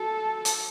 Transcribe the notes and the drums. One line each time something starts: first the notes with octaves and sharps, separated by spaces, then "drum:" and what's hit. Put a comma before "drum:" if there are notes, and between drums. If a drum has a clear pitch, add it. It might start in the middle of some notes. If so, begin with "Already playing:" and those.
Already playing: F#4 A4
drum: hi-hat